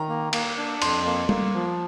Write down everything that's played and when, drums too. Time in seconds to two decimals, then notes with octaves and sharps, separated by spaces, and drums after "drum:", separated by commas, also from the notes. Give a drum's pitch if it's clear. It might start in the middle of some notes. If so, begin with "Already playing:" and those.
Already playing: D#3 A#5
0.09 A#3
0.33 A#3, drum: cymbal
0.58 D4
0.82 F2 C6, drum: cymbal
1.05 A#3
1.29 A#3, drum: tom G3
1.54 F3